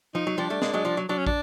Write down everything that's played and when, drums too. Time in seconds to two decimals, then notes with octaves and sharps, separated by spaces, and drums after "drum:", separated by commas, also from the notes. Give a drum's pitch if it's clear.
0.15 F3 D#4
0.27 F#3
0.38 F3 G3 D4
0.50 G3 A3
0.62 G#3 A#3, drum: snare
0.73 F#3 G#3
0.85 F3 G3
0.97 F#3
1.09 F#3 D4
1.18 C#4
1.26 D4, drum: kick